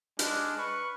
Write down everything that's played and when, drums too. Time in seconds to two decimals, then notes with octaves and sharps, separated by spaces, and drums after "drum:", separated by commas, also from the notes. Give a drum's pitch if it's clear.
0.19 G#3 D4 D6 F6 F#6, drum: hi-hat
0.58 B4 B5 C#6